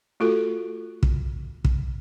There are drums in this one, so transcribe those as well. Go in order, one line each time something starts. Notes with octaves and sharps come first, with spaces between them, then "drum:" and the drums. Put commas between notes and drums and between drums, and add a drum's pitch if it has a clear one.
A3 F4 F#4 A4
drum: kick
drum: kick